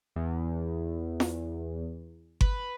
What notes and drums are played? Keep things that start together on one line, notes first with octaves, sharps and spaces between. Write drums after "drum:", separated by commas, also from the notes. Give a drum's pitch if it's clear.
E2
drum: snare F4
B4, drum: kick G1